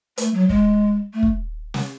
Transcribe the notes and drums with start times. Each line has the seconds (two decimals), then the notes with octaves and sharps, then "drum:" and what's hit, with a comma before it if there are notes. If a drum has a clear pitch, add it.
0.18 A3, drum: hi-hat
0.33 F#3
0.49 G#3, drum: kick
1.13 A3
1.23 drum: kick
1.74 drum: snare